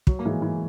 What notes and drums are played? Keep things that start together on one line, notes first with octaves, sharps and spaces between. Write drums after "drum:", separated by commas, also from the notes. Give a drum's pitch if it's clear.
F#3, drum: kick
A#3
E3 G#3
E3